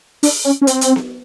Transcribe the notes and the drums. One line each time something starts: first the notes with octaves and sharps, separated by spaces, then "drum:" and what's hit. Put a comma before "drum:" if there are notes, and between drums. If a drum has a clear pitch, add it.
D4, drum: open hi-hat
C#4
C#4
C4, drum: hi-hat
drum: hi-hat
drum: snare B3